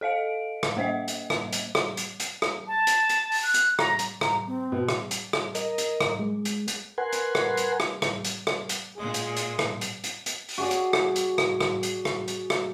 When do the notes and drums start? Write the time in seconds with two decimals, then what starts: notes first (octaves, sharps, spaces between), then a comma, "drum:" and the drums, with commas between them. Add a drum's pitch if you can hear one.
0.01 A4 D#5 F5 D7
0.63 drum: rim click
0.77 A#3 C5 D#5 E5
1.08 drum: hi-hat
1.30 drum: rim click
1.53 drum: hi-hat
1.75 drum: rim click
1.97 drum: hi-hat
2.20 drum: hi-hat
2.42 drum: rim click
2.68 A5
2.87 drum: hi-hat
3.09 drum: hi-hat
3.32 drum: open hi-hat
3.43 F#6
3.54 drum: hi-hat
3.79 A#5, drum: rim click
3.99 drum: hi-hat
4.21 A#5, drum: rim click
4.47 C4
4.72 B2
4.89 drum: rim click
5.11 drum: hi-hat
5.33 drum: rim click
5.55 A#4 D#5, drum: hi-hat
5.78 drum: hi-hat
6.01 drum: rim click
6.19 G#3
6.45 drum: hi-hat
6.68 drum: hi-hat
6.98 A#4 B4 F#5 G#5 C6
7.13 drum: hi-hat
7.35 drum: rim click
7.57 drum: hi-hat
7.80 drum: rim click
8.02 drum: rim click
8.25 drum: hi-hat
8.47 drum: rim click
8.69 drum: hi-hat
8.97 A#2 G#3 G#4
9.14 drum: hi-hat
9.37 drum: hi-hat
9.59 drum: rim click
9.81 drum: hi-hat
10.04 drum: hi-hat
10.26 drum: hi-hat
10.49 drum: open hi-hat
10.58 F#4 G#4 D5
10.71 drum: hi-hat
10.93 drum: rim click
11.16 drum: hi-hat
11.38 drum: rim click
11.61 drum: rim click
11.83 drum: hi-hat
12.05 drum: rim click
12.28 drum: hi-hat
12.50 drum: rim click